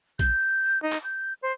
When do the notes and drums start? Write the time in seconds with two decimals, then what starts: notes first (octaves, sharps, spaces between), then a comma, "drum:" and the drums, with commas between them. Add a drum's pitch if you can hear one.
0.19 G6, drum: kick A#1, hi-hat
0.83 D#4
0.92 drum: clap
1.03 G6
1.42 C5